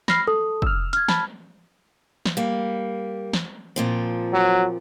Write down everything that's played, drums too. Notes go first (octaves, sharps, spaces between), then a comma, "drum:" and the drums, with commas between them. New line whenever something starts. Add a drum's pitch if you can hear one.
B5 F6 A#6 C7, drum: snare
A4 D#6
E6 F6, drum: kick
F6 G#6, drum: hi-hat
A5 B5, drum: snare
drum: snare
G3 A#3
drum: snare
A#2 F3 C4
F#3